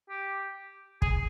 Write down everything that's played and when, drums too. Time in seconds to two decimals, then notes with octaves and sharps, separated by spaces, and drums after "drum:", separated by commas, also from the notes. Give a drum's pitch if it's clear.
0.10 G4
1.02 G#4, drum: kick